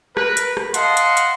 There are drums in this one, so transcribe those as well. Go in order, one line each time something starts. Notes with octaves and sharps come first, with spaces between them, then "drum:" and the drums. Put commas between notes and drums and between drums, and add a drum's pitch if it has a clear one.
A#4 B4, drum: rim click
drum: hi-hat
drum: rim click
D#5 F5 F#5 A5 C6, drum: hi-hat
drum: hi-hat
drum: hi-hat